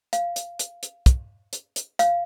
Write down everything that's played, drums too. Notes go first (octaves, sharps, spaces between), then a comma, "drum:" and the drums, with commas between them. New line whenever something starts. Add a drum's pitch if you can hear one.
F5, drum: hi-hat
drum: hi-hat
drum: hi-hat
drum: hi-hat
drum: kick, hi-hat
drum: hi-hat
drum: hi-hat
F5, drum: hi-hat